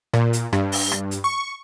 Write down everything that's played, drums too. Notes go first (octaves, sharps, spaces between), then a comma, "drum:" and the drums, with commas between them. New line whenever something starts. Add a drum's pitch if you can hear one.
A#2, drum: rim click
drum: hi-hat
G2, drum: rim click
drum: open hi-hat
drum: rim click
drum: hi-hat
C#6